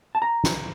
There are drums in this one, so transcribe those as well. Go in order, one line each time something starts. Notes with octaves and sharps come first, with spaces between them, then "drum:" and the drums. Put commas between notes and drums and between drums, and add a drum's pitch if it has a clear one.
A5
A#5
drum: snare